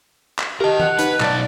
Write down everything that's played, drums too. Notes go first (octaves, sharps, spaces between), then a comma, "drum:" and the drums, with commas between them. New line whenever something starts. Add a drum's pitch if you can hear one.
drum: clap
G4 A#4 D#5 A5
F#5 F7, drum: tom E3
D#4 B4, drum: hi-hat
B1 D5 A5, drum: clap